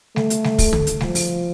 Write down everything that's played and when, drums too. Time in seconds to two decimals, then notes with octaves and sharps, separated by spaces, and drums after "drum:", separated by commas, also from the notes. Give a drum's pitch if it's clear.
0.16 A3, drum: snare G3
0.30 drum: hi-hat
0.44 drum: snare G3
0.59 drum: kick, open hi-hat
0.73 drum: tom
0.87 drum: hi-hat
1.01 F3, drum: snare G3
1.15 drum: open hi-hat